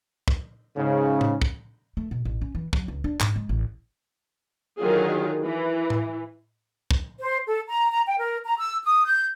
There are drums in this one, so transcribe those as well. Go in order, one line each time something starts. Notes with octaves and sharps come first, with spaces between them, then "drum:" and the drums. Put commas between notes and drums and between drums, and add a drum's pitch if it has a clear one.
drum: kick
G#2 C#3
drum: tom A2
drum: kick
A3
B2
A1
C#4
E3
F#3, drum: kick
C#2
D4
G#2, drum: clap
G#3
A1
D3 D#3 F#3 F4 G#4
E3
drum: tom A2
drum: kick
C5
A4
A#5
A#5
G5
A#4
A#5
E6
D#6
G6